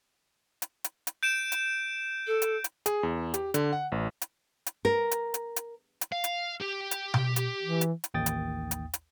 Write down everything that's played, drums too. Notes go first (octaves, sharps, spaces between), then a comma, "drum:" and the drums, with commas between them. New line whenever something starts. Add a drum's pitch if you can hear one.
drum: hi-hat
drum: hi-hat
drum: hi-hat
G6 D7 E7
drum: hi-hat
A4
drum: hi-hat
drum: hi-hat
G#4, drum: hi-hat
E2
G4, drum: hi-hat
D3, drum: hi-hat
F#5
A1
drum: hi-hat
drum: hi-hat
A#4
drum: hi-hat
drum: hi-hat
drum: hi-hat
drum: hi-hat
F5
drum: hi-hat
G4
drum: hi-hat
drum: tom B2
drum: hi-hat
E3
drum: hi-hat
drum: hi-hat
A1 D#2 G5 D#6 A6
drum: hi-hat
drum: hi-hat
drum: hi-hat